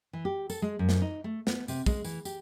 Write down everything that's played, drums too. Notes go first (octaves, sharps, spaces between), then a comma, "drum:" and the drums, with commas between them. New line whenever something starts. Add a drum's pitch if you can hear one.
E3
G4
A4, drum: tambourine
G#3
F#2
drum: snare
D#4
A3
B3, drum: snare
C3, drum: tambourine
G#3, drum: kick, tambourine
E3, drum: tambourine
G4, drum: tambourine